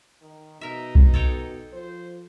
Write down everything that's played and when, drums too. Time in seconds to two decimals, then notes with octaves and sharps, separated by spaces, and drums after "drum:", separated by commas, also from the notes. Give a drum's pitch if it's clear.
0.22 D#3
0.61 B2 D#4 A#4 E5
0.95 drum: kick B1
1.14 A4 C#5 G5
1.73 F3 C5